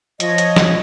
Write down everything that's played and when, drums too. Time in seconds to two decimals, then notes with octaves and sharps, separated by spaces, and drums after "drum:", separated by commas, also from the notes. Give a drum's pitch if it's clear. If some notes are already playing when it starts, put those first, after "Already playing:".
0.20 F3 C#5 D#5, drum: hi-hat
0.38 drum: hi-hat
0.56 drum: snare